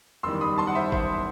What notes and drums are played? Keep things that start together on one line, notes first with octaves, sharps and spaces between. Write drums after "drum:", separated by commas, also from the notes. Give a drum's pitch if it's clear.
F#1 E2 D#3 G3 C6 E6
B5 D#6
A5 C6
F#5
C5 E5
C5 E5, drum: kick